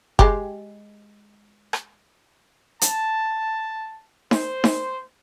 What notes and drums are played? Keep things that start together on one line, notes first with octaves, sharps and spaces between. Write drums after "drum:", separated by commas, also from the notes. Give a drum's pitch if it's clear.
G#3 G4, drum: kick F#1
drum: rim click
A5, drum: hi-hat
C5, drum: snare D#4
drum: snare D#4